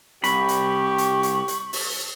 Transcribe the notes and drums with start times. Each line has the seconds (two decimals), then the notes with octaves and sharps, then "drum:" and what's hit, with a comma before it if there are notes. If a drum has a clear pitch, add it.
0.24 C2 G4 B5 C#6, drum: hi-hat
0.49 drum: hi-hat
0.98 drum: hi-hat
1.23 drum: hi-hat
1.48 drum: hi-hat
1.73 drum: open hi-hat